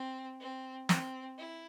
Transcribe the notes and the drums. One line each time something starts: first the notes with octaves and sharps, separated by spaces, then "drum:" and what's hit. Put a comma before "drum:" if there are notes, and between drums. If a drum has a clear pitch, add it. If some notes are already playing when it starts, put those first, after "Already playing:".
Already playing: C4
C4
C4, drum: snare
E4